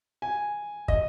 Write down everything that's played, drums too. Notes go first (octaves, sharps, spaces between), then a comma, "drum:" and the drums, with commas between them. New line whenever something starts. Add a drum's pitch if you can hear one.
G#5
D#5, drum: kick